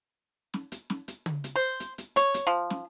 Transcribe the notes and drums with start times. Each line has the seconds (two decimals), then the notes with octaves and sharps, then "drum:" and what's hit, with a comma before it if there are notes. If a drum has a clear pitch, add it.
0.54 drum: snare
0.72 drum: hi-hat
0.90 drum: snare
1.08 drum: hi-hat
1.26 drum: tom
1.44 drum: hi-hat
1.56 C5
1.80 drum: hi-hat
1.98 drum: hi-hat
2.16 C#5, drum: hi-hat
2.34 drum: hi-hat
2.47 F3
2.70 drum: snare